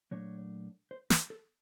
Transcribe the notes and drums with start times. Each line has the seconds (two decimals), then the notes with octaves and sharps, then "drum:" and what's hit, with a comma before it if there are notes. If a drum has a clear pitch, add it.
0.11 A#2 F#3 A3 D4 C#5
0.91 C5
1.10 B4, drum: snare
1.30 A4